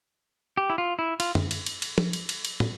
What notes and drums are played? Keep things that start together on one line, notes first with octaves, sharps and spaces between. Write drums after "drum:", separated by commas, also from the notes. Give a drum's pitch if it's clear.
G4
E4
F4
E4
F4, drum: cymbal
drum: tom
drum: cymbal
drum: cymbal
drum: cymbal
drum: tom
drum: cymbal
drum: cymbal
drum: cymbal
drum: tom